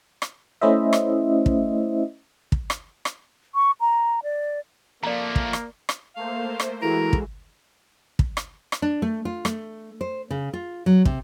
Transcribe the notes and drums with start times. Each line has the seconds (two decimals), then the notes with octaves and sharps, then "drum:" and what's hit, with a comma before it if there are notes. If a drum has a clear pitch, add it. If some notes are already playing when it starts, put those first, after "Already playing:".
0.22 drum: rim click
0.61 A3 C#4 E4 C5 D#5 E5
0.93 drum: rim click
1.46 drum: kick
2.52 drum: kick
2.70 drum: rim click
3.05 drum: rim click
3.55 C#6
3.81 A#5
4.23 D5
5.03 F3 A3 A#3 D5 A#5
5.36 drum: kick
5.53 drum: rim click
5.89 drum: rim click
6.16 A3 A#3 C5 F5
6.60 drum: rim click
6.82 E3 G#3 E4 F#4 A4 A#4
7.13 drum: kick
8.19 drum: kick
8.37 drum: rim click
8.72 drum: rim click
8.82 D4
9.02 A3
9.25 F4
9.45 A3, drum: rim click
10.01 C5
10.30 C#3
10.53 F4
10.86 F#3
11.05 C3, drum: kick